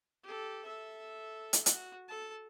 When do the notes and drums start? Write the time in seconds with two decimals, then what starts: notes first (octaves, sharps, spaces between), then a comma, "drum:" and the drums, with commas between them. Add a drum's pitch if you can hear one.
0.23 G4 A4
0.65 A4 E5
1.53 drum: hi-hat
1.66 F#4, drum: hi-hat
2.08 A4 A5